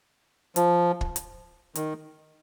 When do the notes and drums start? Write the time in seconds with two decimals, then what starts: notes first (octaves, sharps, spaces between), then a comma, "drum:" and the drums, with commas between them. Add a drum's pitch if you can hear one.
0.56 F3, drum: hi-hat
1.01 drum: kick
1.16 drum: hi-hat
1.75 D#3, drum: hi-hat